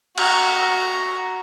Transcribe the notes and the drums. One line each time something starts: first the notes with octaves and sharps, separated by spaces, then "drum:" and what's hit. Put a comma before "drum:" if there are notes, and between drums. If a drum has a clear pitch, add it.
F#4 A#5, drum: cymbal